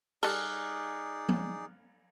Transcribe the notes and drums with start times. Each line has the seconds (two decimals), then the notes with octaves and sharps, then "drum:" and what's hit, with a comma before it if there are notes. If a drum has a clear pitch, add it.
0.23 G3 D#4 G#4 A4 D5 F6 F#6, drum: cymbal
1.29 drum: tom F3